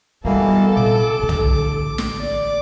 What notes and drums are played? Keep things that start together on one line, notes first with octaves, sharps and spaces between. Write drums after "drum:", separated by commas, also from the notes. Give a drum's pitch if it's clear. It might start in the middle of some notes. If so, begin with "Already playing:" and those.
B2 E3 G3 A#3 B3 A4
A#2 C4 D6
A1 D3
drum: tom
drum: snare
D5